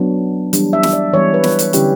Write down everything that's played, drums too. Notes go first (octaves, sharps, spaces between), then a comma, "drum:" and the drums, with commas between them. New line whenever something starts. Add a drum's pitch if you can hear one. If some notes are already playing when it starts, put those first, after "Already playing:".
Already playing: F#3 B3 D4
E3 G3 D4, drum: hi-hat
E5
drum: snare
D5
E3 G3 B3 C#5
B4
drum: snare
drum: hi-hat
D3 G3 C#4 E4 G4, drum: hi-hat